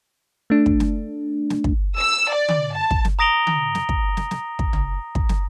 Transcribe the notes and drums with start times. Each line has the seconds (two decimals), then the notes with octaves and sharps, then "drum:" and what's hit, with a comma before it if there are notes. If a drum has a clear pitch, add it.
0.50 A3 D4
0.66 drum: kick
0.80 drum: snare
1.50 drum: snare
1.64 drum: kick
1.99 E6
2.31 D5
2.49 drum: tom D3
2.75 A5
2.91 drum: kick
3.05 drum: snare
3.19 A#5 D#6 A#6 D7 F7 G7
3.47 drum: tom D3
3.75 drum: snare
3.89 drum: kick
4.17 drum: snare
4.31 drum: snare
4.59 drum: kick
4.73 drum: tom
5.15 drum: kick
5.29 drum: snare